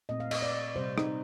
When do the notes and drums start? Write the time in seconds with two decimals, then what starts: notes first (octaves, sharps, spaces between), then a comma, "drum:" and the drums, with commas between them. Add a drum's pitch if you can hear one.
0.09 A#2 A3 C4 D#5
0.20 F5
0.31 D#5, drum: cymbal
0.42 D5
0.76 C3 G3 C4 C5
0.98 D#4, drum: rim click